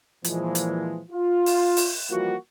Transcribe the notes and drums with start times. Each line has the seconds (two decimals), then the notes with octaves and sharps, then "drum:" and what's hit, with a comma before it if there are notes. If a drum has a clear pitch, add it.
0.25 A#2 E3 F3 G#3, drum: hi-hat
0.55 drum: hi-hat
1.11 F4
1.46 drum: open hi-hat
1.77 drum: open hi-hat
2.10 E3 F3 G3 A#3 F4 F#4